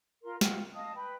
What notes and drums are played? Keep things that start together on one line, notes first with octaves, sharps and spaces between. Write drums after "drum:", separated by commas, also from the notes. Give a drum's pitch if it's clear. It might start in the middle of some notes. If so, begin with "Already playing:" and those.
F4 A#4 C6
F4 F#5 G5, drum: snare
D#5 F5 A5 D#6
B4 G5 B5